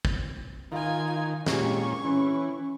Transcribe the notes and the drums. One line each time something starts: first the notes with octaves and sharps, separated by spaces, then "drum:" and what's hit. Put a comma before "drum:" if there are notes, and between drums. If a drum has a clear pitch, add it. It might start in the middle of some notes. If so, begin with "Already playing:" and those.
drum: kick
D#3 F4 G#5
A#2 G#3 C#4 G4 C#6, drum: snare
E3 C#4